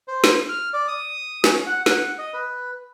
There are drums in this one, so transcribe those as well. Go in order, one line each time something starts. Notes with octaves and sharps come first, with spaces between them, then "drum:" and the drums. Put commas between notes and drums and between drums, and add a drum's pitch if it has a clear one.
C5
drum: snare
F6
D5
D#6
C#4, drum: snare
F#5
F#5, drum: snare
D#5
B4